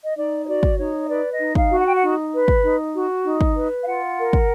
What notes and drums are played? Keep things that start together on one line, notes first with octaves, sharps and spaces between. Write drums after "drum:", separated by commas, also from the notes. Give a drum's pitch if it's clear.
D#5
D#4 D5
C#5
F#4 D5
drum: kick
D#4 C#5
D#5
B4 D5
D#5
D#4
F5, drum: kick
F#4
F#5
G5
F#5
D#4
B4
drum: kick
D#4
F#4
D#4
drum: kick
B4
F5
F4 F#5
A#4
drum: kick